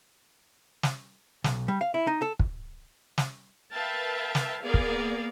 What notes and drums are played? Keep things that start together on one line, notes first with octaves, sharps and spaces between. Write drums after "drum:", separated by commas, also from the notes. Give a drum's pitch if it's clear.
drum: snare
B1, drum: snare
G3
F5
E4
D#4
A4
drum: kick
drum: snare
A#4 B4 E5 F5 G5 A5
drum: snare
A#3 B3 G#4 A#4 D5 F5
drum: kick